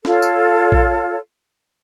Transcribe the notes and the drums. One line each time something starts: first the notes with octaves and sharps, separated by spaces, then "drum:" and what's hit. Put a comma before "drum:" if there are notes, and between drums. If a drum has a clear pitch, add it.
F4 A4 C#5, drum: snare
drum: tambourine
drum: kick